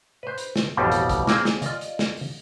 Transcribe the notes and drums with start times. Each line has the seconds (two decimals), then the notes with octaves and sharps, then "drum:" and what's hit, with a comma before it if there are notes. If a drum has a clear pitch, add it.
0.23 B4 C5
0.38 drum: hi-hat
0.56 drum: snare
0.77 A1 F2 B2 G3
0.92 drum: hi-hat
1.09 drum: kick, hi-hat
1.27 A#3 C4 G#4 C5 G#5, drum: snare
1.45 drum: snare
1.62 F4 D5 D#5, drum: hi-hat
1.81 drum: hi-hat
1.99 drum: snare
2.17 drum: open hi-hat